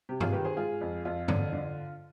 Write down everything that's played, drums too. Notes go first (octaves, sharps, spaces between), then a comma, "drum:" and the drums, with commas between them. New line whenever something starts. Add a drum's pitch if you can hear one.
C3 G4
F4 G#4, drum: tom G2
D#3 G4 B4
G#4 C5
G#3 F4 G#4
F2
F2 F4
D3, drum: tom G2
D3